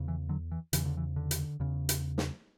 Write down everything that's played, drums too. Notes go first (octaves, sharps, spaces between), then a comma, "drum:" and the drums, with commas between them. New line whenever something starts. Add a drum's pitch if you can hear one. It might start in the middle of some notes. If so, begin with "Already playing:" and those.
Already playing: E2 C#3
E3
D3 F#3
E3
E2 C#3 E3, drum: hi-hat
D3
E3
D3
drum: hi-hat
E2 C#3
drum: hi-hat
drum: snare